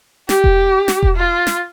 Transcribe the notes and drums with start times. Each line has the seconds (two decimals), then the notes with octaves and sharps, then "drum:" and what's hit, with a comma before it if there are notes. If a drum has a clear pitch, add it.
0.29 G4, drum: snare
0.44 drum: kick E1
0.88 drum: snare
1.03 drum: kick E1
1.17 F4
1.47 drum: snare